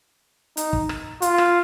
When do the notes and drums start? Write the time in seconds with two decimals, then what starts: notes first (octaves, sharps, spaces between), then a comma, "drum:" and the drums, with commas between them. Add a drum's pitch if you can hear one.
0.57 D#4, drum: hi-hat
0.73 drum: kick
0.89 drum: rim click
1.22 F4, drum: hi-hat
1.38 drum: rim click